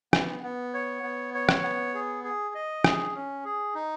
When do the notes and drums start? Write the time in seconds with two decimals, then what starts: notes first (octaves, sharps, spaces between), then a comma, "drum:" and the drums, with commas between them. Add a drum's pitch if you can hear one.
0.13 B3, drum: rim click
0.43 B3
0.74 C#5
1.03 B3
1.34 C#5
1.49 drum: rim click
1.63 B3
1.94 G#4
2.24 G#4
2.55 D#5
2.84 G#4, drum: rim click
3.15 C#4
3.45 G#4
3.75 D#4